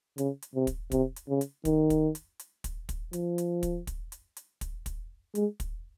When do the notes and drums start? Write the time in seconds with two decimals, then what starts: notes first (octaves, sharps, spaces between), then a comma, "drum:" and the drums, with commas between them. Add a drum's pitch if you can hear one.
0.18 C#3, drum: hi-hat
0.42 drum: hi-hat
0.55 C3
0.67 drum: kick, hi-hat
0.92 C3, drum: kick, hi-hat
1.16 drum: hi-hat
1.29 C#3
1.41 drum: hi-hat
1.65 D#3, drum: kick, hi-hat
1.90 drum: kick, hi-hat
2.15 drum: hi-hat
2.39 drum: hi-hat
2.64 drum: kick, hi-hat
2.89 drum: kick, hi-hat
3.13 F3, drum: hi-hat
3.38 drum: hi-hat
3.63 drum: kick, hi-hat
3.87 drum: kick, hi-hat
4.12 drum: hi-hat
4.37 drum: hi-hat
4.61 drum: kick, hi-hat
4.86 drum: kick, hi-hat
5.35 G#3, drum: hi-hat
5.60 drum: kick, hi-hat